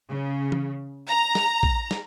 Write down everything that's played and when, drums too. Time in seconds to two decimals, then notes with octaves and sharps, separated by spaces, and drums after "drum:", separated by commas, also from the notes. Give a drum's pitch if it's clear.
0.10 C#3
0.52 drum: tom E3
1.08 A#5
1.35 drum: snare
1.63 drum: kick
1.91 drum: snare